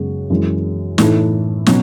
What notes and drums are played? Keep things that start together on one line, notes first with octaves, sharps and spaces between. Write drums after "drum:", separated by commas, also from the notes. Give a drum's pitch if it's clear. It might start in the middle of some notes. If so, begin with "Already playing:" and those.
Already playing: F#2 C#3 G#3 B3 F#4
F#2 E3 G#3
A2 E3 A3 D#4 A4, drum: snare
B2 F#3 C#4 F#4, drum: snare